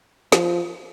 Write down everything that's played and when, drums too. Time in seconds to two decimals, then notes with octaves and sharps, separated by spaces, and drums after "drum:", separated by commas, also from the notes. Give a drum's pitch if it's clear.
0.32 F3, drum: snare